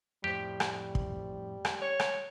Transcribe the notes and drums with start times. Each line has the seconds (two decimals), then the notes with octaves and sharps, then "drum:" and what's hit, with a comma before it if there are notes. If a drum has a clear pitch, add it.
0.24 F2 A2 G3 G4 C5
0.60 drum: rim click
0.95 drum: kick
1.65 drum: rim click
1.82 C#5
2.00 drum: rim click